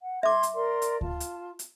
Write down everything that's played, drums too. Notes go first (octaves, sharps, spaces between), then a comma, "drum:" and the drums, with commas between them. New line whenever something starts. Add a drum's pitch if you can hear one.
F#5
E5 C6 D6 G#6
drum: hi-hat
A#4 D5 C6
drum: hi-hat
F4 A5, drum: kick D2
drum: hi-hat
drum: hi-hat